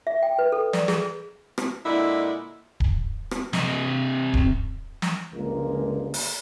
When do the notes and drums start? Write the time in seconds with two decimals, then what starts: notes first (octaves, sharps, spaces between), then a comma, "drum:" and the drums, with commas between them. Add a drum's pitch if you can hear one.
0.07 E5
0.23 G5
0.39 B4
0.52 A4
0.73 D5, drum: snare
0.88 G#4, drum: snare
1.58 drum: rim click
1.85 A#2 D3 G#3 E4
2.80 drum: kick D1
3.31 drum: rim click
3.53 C3 D#5, drum: snare
4.34 drum: kick D1
5.02 drum: snare
5.33 G1 C#2 F3 G#3 A#3 A#4
6.14 drum: open hi-hat